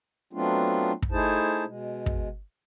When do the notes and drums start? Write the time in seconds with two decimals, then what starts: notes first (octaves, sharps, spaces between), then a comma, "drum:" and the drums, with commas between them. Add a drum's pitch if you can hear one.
0.33 F#3 A3 B3 C4 D4 F4
1.02 drum: kick
1.12 A3 D#4 E4 G#4 C5 A5
1.65 B2 G#3
2.06 drum: kick